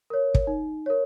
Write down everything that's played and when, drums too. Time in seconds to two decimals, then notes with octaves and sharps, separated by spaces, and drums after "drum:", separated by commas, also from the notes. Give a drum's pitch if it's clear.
0.10 A#4 C#5
0.35 drum: kick
0.47 D#4
0.86 A#4 C#5